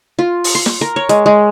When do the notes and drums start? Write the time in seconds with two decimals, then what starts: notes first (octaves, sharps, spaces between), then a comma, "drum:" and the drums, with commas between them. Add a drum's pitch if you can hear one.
0.19 F4
0.44 drum: open hi-hat
0.55 C6
0.66 drum: snare
0.81 A#4
0.96 C#5
1.09 G#3, drum: hi-hat
1.26 G#3